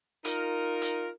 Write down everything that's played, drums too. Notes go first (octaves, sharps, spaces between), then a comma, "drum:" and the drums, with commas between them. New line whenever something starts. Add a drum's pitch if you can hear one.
D#4 F4 A#4, drum: hi-hat
drum: hi-hat